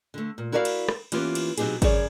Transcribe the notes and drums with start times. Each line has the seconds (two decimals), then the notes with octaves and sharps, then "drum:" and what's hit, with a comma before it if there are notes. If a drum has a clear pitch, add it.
0.14 D3 A3
0.38 A#2
0.52 E4 F#4 A#4 D5 D#5 F5
0.65 drum: cymbal
0.89 drum: rim click
1.12 E3 A#3 B3 C#4 F4 G4, drum: cymbal
1.35 drum: cymbal
1.58 B2 F#3 C4 D#4 G4 G#4, drum: cymbal
1.82 F#2 C#3 G#4 C#5 D5, drum: kick G#1, cymbal